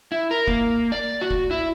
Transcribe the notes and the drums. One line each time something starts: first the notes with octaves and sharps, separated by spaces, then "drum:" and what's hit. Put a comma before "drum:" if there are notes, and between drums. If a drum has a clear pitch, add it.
E4
A#4
A#3, drum: kick F1
D5
F#4
drum: kick F1
E4